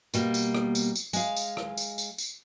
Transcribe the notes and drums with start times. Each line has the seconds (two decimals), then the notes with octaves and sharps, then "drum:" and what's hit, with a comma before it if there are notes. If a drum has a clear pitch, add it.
0.14 B2 G3 A#3, drum: tambourine
0.34 drum: tambourine
0.55 drum: rim click
0.75 drum: tambourine
0.96 drum: tambourine
1.13 G#3 F5, drum: tambourine
1.36 drum: tambourine
1.57 drum: rim click
1.77 drum: tambourine
1.98 drum: tambourine
2.18 drum: tambourine